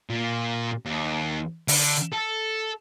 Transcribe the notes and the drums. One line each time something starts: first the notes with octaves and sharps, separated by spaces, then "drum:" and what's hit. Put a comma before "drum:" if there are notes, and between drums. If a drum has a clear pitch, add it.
A#2
D#2
D3, drum: open hi-hat
A4